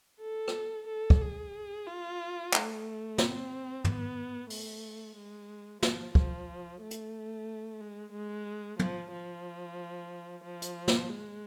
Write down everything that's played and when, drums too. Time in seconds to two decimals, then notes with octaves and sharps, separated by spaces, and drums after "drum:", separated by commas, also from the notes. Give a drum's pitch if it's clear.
0.21 A4
0.48 drum: rim click
0.88 A4
1.10 drum: kick
1.21 G#4
1.87 F4
2.53 A3, drum: clap
3.18 C4, drum: snare
3.84 B3, drum: tom
4.50 A3, drum: open hi-hat
5.17 G#3
5.83 F3, drum: snare
6.15 F3, drum: kick
6.81 A3
6.91 drum: hi-hat
7.81 G#3
8.13 G#3
8.79 F3, drum: tom
9.13 F3
10.44 F3
10.62 drum: hi-hat
10.88 drum: snare
11.09 G#3